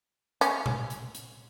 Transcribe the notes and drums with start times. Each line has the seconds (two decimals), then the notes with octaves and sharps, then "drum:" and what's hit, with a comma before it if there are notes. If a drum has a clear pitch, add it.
0.41 C#4, drum: hi-hat
0.66 drum: tom A#2
0.90 drum: hi-hat
1.15 drum: hi-hat